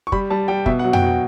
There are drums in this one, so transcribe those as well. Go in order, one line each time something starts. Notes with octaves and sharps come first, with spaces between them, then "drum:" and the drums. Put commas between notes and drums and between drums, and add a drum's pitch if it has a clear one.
C#6
G3 B5, drum: kick
G3 A5
G3 G5
B2 E5, drum: kick
F#5
F#3
G5, drum: tom F2
B2 F#5